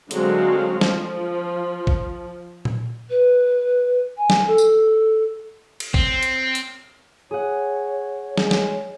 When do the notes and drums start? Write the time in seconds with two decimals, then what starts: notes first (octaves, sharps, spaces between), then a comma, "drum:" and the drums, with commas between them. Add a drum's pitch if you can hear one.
0.11 D3 F#3 G#3 C4 F#4 F5, drum: hi-hat
0.81 F3, drum: snare
1.87 drum: kick
2.65 drum: tom A#2
3.09 B4
4.17 G#5
4.30 drum: snare
4.47 A4
4.58 drum: tambourine
5.80 drum: cymbal
5.94 C4, drum: kick
6.23 drum: hi-hat
6.55 drum: hi-hat
7.31 G#4 C#5 F#5
8.38 G#3, drum: snare
8.51 drum: snare